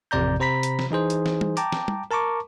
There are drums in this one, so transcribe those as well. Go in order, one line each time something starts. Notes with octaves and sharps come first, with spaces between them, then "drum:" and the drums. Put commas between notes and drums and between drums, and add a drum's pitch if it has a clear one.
A1 F2 C3 D5 A#5 G6
C3 C5 A#5 B5 B6
drum: hi-hat
drum: snare
E3 D#4 G#4 C5
drum: hi-hat
drum: snare
drum: tom
G5 A5 A#5 D6, drum: hi-hat
drum: snare
drum: tom
A#4 A5 A#5 C#6 D6